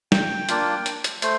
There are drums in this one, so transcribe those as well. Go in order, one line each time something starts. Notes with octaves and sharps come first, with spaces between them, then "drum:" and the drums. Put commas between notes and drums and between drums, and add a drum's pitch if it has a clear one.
G5, drum: snare
A#3 D4 F4, drum: hi-hat
drum: hi-hat
drum: hi-hat
A3 C5, drum: hi-hat